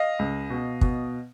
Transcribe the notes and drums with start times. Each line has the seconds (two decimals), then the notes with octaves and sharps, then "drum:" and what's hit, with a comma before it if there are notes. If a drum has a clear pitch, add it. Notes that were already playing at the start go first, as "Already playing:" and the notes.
Already playing: D#5 F5
0.19 C#2
0.50 B2
0.81 B2, drum: kick